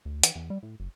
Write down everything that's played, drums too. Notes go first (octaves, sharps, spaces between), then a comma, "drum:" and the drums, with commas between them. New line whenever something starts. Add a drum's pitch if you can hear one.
D2
E3, drum: hi-hat
E2
G3
A2
F#1